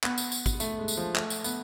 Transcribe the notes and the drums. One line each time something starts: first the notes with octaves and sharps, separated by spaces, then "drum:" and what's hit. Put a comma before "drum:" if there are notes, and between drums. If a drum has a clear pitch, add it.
B3, drum: clap
drum: tambourine
drum: tambourine
drum: kick G#1, tambourine
A3, drum: tambourine
G#3
drum: tambourine
F3
A3, drum: clap
drum: tambourine
B3, drum: tambourine